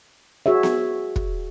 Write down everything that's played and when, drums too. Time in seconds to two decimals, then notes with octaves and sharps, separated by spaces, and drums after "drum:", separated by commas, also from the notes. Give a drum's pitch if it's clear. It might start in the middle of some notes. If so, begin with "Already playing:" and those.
0.46 F#4 G#4 C#5 E5
0.63 drum: snare B3
1.16 drum: kick